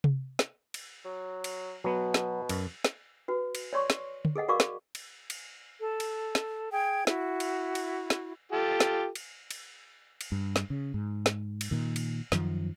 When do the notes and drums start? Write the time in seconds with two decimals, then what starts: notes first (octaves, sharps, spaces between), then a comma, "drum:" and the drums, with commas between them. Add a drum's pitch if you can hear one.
0.04 drum: tom C3
0.39 drum: snare
0.74 drum: cymbal
1.05 F#3
1.44 drum: cymbal
1.84 B2 F#3 B3
2.14 drum: snare
2.49 F#2, drum: cymbal
2.85 drum: snare
3.28 F#4 B4
3.55 drum: cymbal
3.73 C#5 D5 C6 C#6
3.90 drum: snare
4.25 drum: tom
4.36 G#4 A4 D#5 F#5
4.48 F#4 A#4 D5 F5 C#6 D6
4.60 drum: snare
4.95 drum: cymbal
5.30 drum: cymbal
5.80 A4
6.00 drum: cymbal
6.35 drum: snare
6.73 G#4 G5 G#6
7.07 E4 F#4, drum: snare
7.40 drum: cymbal
7.75 drum: cymbal
8.10 drum: snare
8.52 F4 G4 A4
8.80 drum: snare
9.15 drum: cymbal
9.51 drum: cymbal
10.21 drum: cymbal
10.32 G2
10.56 drum: snare
10.70 C#3
10.94 G#2
11.26 drum: snare
11.61 drum: cymbal
11.71 A#2 D#3
11.96 drum: cymbal
12.32 F#2 D#3 F3, drum: snare